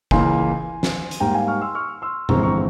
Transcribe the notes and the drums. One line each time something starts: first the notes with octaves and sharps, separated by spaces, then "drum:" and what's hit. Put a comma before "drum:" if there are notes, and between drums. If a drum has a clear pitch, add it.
C#2 C#3 E3 A#3 G#5 C6, drum: kick F#1
drum: snare
drum: hi-hat
G#2 G3 A#3 G5 A#5
F5 G#5
C#6 F6
C6 E6
C#6 F6
C6 E6
G1 F2 E3 G#3 C4 A#5 C#6, drum: tom A#2
A#5 C#6